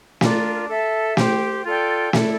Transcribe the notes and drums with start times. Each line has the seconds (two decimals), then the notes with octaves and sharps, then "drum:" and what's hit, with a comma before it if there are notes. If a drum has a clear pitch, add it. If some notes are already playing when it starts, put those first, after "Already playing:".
0.21 D4 F4 A#4 D5, drum: snare
0.68 A4 E5 A5
1.17 G4 C5 G5, drum: snare
1.65 F4 A4 D5 G5
2.13 E4 A4 D5, drum: snare